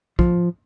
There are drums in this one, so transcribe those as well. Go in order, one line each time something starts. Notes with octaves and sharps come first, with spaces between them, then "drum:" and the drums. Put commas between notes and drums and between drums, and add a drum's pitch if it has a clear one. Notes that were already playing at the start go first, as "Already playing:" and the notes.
F3, drum: kick